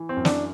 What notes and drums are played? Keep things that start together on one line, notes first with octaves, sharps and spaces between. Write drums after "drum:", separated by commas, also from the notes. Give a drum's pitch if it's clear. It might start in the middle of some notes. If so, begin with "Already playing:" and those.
Already playing: E3
C4
F#2
D4, drum: snare